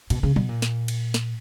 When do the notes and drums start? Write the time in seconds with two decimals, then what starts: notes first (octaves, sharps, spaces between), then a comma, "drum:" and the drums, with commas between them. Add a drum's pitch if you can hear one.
0.10 B2, drum: cymbal
0.23 C#3
0.36 B2, drum: tom
0.49 A#2
0.62 drum: snare
0.88 drum: cymbal
1.14 drum: snare